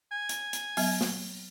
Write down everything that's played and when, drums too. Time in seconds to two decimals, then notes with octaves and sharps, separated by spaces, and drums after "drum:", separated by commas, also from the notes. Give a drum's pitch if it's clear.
0.12 G#5
0.29 drum: hi-hat
0.53 drum: hi-hat
0.77 F#3 B3 E5, drum: open hi-hat
1.01 drum: snare